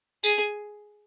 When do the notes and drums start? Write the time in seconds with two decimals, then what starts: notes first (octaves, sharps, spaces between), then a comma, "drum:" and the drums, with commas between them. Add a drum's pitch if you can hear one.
0.24 G#4, drum: tambourine